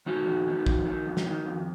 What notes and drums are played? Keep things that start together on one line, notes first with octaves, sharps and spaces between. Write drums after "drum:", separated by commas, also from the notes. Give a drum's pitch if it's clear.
D#3 D#4 F#4
F2
D#3
F2, drum: kick
D#3
F2
drum: snare
D#3
F2